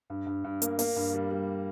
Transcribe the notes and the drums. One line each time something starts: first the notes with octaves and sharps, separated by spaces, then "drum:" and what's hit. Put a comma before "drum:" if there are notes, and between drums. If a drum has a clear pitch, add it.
G2
G2
G2
A#3, drum: hi-hat
A#3, drum: open hi-hat
G2
G3
G3